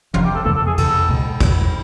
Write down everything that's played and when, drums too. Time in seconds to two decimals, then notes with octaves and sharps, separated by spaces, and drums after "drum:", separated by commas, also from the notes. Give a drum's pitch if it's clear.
0.14 F1 F2 C3 F4, drum: tom
0.25 G4
0.35 A4
0.45 F2 C3 E3 A3 A4
0.56 A4
0.67 G#4
0.78 F2 C3 E3 A4, drum: cymbal
1.08 C#2 B2 G#3
1.40 E2 B2 F#3 B3, drum: kick, cymbal